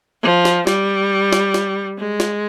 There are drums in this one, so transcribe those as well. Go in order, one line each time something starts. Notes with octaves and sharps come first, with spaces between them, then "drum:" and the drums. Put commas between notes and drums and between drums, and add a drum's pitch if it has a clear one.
F3
drum: snare
G3, drum: snare
drum: snare
drum: snare
G#3
drum: snare